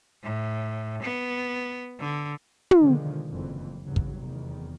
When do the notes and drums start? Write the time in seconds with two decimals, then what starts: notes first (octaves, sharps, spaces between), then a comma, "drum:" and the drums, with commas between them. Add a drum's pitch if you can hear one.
0.23 A2
1.03 B3
2.00 D3
2.71 drum: tom
2.80 B2 D3 D#3 F3 G3 G#3
3.28 F#1 F2 A2 D3 E3
3.84 E2 G2 C#3 F#3
3.96 drum: kick
4.18 F1 E2 D#3